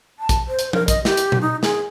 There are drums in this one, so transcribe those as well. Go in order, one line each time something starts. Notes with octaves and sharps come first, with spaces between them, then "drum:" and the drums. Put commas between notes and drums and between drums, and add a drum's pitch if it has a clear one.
A5
drum: kick A#1, hi-hat
C5
drum: hi-hat
A#4, drum: tom F3
D#5, drum: kick A#1, hi-hat
G4, drum: snare
drum: hi-hat
drum: tom A#2
D#4
G#4, drum: snare